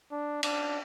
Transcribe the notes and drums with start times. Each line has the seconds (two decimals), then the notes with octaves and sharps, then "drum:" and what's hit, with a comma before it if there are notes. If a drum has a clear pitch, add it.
0.11 D4
0.43 D4, drum: cymbal